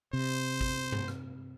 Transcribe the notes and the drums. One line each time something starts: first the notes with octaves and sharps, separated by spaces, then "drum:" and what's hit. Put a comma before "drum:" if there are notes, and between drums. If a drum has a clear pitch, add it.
C3 C5
drum: kick G#1
drum: tom G2
drum: rim click